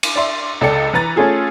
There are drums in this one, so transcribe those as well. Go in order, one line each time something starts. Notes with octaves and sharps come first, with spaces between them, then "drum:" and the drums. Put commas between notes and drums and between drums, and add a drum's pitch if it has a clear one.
drum: cymbal
D5 E5 C6
C#2 A4 D5 G5 C#7
E3 B4 A#5 A6
A3 C#4 F4 G#4 A4